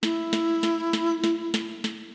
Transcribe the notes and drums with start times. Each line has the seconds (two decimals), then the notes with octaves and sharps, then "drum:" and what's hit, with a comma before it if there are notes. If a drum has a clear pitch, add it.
0.03 E4, drum: snare
0.33 drum: snare
0.63 drum: snare
0.93 drum: snare
1.24 drum: snare
1.54 drum: snare
1.84 drum: snare